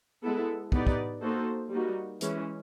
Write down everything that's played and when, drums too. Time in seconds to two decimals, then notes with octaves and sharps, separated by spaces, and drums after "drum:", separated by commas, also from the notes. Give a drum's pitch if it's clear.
0.23 G#3 B3 E4 A4
0.72 B3 D#4 G4 B4 D5, drum: kick
0.87 drum: kick
1.21 A#3 D#4 F#4 A4 C5
1.71 G3 A#3 D#4 F#4
2.21 E3 G#3 C#4, drum: hi-hat